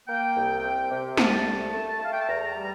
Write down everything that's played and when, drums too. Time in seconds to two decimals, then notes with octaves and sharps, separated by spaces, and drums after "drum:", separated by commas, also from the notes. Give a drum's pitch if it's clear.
0.08 A#3 G5
0.36 C2
0.63 C3
0.91 C3
1.17 C2 A5, drum: snare
1.45 A3
1.72 A3
2.00 A3 F5
2.12 G5
2.20 A5
2.27 E2 A#5
2.55 G3